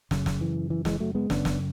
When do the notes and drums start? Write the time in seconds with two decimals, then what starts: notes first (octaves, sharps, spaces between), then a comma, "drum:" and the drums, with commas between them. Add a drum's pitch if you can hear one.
0.11 F#2 C#3, drum: snare
0.26 drum: snare
0.41 E3
0.70 E3
0.85 E3 G#3, drum: snare
1.00 F#3 A3
1.15 G#3 B3
1.30 F#2 C#3 B3 D4, drum: snare
1.45 drum: snare